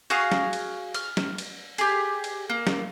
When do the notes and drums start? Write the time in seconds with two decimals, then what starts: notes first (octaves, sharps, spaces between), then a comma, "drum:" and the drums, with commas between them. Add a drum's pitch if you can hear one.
0.10 F#4 G#4 F5 D#6, drum: cymbal
0.32 drum: snare
0.53 drum: cymbal
0.94 F6, drum: cymbal
1.17 drum: snare
1.38 drum: cymbal
1.78 G4 G#4, drum: cymbal
2.24 drum: cymbal
2.50 A#3
2.67 drum: snare